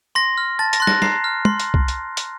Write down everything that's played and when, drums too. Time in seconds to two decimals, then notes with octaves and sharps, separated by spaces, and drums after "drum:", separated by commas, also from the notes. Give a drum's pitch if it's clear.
0.15 C6 A#6
0.38 F6
0.59 A5 A6
0.73 A#6, drum: hi-hat
0.80 C6 F#6
0.87 A#6, drum: snare
1.02 A#5 C7, drum: snare
1.24 F6
1.45 C6, drum: tom
1.60 drum: hi-hat
1.74 drum: kick C2
1.88 drum: hi-hat
2.17 drum: hi-hat